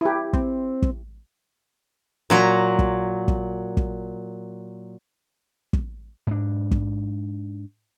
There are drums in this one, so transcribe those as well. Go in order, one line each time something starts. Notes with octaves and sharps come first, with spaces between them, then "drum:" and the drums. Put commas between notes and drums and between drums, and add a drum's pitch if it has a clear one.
E4 G4
C4, drum: kick
drum: kick
A#2 F#3 A#5
drum: kick
drum: kick
drum: kick
drum: kick
G#2 D4
drum: kick